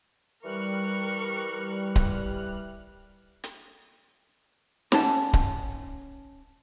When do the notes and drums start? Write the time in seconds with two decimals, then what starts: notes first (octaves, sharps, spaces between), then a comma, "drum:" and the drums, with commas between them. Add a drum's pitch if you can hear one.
0.44 E3 G3 A#4 C#6 F6 F#6
1.96 drum: kick D1
3.44 drum: hi-hat
4.92 C#4 F#5 A5, drum: snare
5.33 drum: kick D1